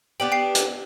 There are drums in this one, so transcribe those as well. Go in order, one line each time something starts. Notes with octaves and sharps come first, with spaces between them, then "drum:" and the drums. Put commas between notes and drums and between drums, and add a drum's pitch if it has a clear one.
B3 D4 G4 G5 F#7
G5 C7
drum: hi-hat